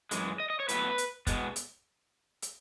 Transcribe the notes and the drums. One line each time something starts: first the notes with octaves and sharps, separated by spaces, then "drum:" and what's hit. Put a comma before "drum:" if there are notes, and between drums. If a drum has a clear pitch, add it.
F#2 E3 G#3, drum: hi-hat
D#5
D#5
C#5
A2 F#3 B3 B4, drum: hi-hat
drum: hi-hat
B2 G#3 B3, drum: kick, hi-hat
drum: hi-hat
drum: hi-hat